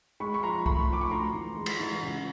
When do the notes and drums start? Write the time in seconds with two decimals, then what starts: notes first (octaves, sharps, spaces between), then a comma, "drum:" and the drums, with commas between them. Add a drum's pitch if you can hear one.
0.20 G#3 B5 C#6
0.34 C#6
0.43 F3 A#5 C6
0.66 A3 B5 C#6, drum: kick C2
0.88 F3 D6
1.01 C#6
1.11 D2 A#5 C6
1.34 E3
1.57 G#3
1.66 drum: cymbal
1.79 E3
2.03 C#2